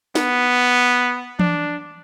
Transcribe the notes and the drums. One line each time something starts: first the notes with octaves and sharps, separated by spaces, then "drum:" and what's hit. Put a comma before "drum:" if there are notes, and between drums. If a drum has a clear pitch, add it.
B3, drum: snare
D4, drum: tom E3